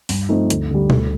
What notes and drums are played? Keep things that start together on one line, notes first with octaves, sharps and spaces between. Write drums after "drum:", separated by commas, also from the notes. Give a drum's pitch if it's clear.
G2, drum: open hi-hat
F3 A3 C4 D#4
D2, drum: hi-hat
D3 G3
D2, drum: tom B2